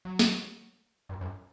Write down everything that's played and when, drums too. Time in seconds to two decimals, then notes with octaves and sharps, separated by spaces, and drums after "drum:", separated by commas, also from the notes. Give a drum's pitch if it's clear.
0.05 F#3
0.19 drum: snare
1.09 G2
1.21 F#2